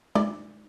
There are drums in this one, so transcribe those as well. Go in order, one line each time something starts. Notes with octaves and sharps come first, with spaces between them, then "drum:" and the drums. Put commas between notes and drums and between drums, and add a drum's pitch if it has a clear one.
D5, drum: tom G#3